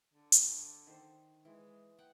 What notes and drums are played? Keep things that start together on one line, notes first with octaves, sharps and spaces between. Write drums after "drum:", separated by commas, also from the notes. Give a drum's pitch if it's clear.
D3
drum: hi-hat
D#3 C5
E3 G#3
F#5 G5